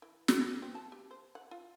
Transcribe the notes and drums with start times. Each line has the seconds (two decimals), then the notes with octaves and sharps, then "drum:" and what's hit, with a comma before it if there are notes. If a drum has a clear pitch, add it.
0.02 E3
0.28 B4, drum: snare
0.41 B3
0.62 C4
0.75 A5
0.92 G4
1.11 C5
1.35 F#5
1.51 F4